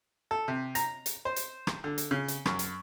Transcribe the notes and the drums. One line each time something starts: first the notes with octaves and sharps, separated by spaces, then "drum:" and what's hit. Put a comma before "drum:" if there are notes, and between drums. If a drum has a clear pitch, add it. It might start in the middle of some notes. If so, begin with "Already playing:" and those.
A4
C3
A#5, drum: hi-hat
drum: hi-hat
C5
drum: hi-hat
drum: rim click
D3
drum: hi-hat
C#3
drum: hi-hat
F#2, drum: rim click
drum: hi-hat